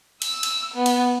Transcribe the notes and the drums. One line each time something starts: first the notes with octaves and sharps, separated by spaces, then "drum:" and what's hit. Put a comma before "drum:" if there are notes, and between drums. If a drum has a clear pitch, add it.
E6, drum: cymbal
drum: cymbal
B3
drum: cymbal